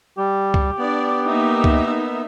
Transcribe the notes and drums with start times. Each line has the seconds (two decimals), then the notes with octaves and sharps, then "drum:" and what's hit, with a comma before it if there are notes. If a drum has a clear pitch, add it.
0.18 G3 G4
0.54 drum: kick C#2
0.79 B3 D4 D5
1.27 A#3 D#4 E5
1.64 drum: kick C#2